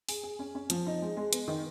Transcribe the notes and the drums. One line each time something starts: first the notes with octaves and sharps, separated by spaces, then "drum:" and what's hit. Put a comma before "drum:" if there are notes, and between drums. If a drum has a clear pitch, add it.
G#4, drum: open hi-hat
G#4
C#4
C#4
F3, drum: hi-hat
D#4
G#3
G#3
B3, drum: hi-hat
D#3